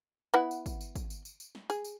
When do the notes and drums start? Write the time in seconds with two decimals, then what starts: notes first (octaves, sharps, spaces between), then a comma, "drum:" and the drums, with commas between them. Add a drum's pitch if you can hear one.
0.34 B3 E4 F#5
0.51 drum: tambourine
0.66 drum: kick, tambourine
0.81 drum: tambourine
0.95 drum: kick, tambourine
1.10 drum: tambourine
1.25 drum: tambourine
1.40 drum: tambourine
1.55 drum: snare
1.70 G#4, drum: tambourine
1.84 drum: tambourine